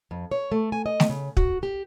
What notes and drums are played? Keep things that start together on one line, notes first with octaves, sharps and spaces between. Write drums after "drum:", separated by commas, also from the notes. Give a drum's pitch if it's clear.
F2
C#5
A3
G#5
D#5
drum: snare A3
C#3
F#4, drum: kick
G4